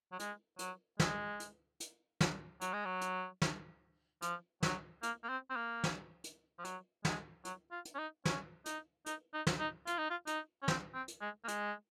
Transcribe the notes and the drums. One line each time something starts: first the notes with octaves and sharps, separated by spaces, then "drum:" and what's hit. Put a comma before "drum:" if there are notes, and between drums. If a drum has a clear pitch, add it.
F#3
G#3, drum: hi-hat
F#3, drum: hi-hat
G#3, drum: snare
drum: hi-hat
drum: hi-hat
drum: snare
F#3, drum: hi-hat
G#3
F#3
drum: hi-hat
drum: snare
F3, drum: hi-hat
F#3, drum: snare
A#3, drum: hi-hat
A#3
C4
C4
A#3
drum: snare
drum: hi-hat
F3
F#3, drum: hi-hat
G#3, drum: snare
F#3, drum: hi-hat
F4
drum: hi-hat
C#4
D#4
C#4, drum: snare
D#4, drum: hi-hat
D#4, drum: hi-hat
D#4
drum: snare
D#4
F4, drum: hi-hat
D#4
F4
D#4, drum: hi-hat
C#4
C4, drum: snare
C4
drum: hi-hat
G#3
A#3
G#3, drum: hi-hat